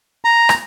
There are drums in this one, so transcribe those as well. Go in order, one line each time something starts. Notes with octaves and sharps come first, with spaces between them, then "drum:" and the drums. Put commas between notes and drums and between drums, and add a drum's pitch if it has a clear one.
A#5
drum: rim click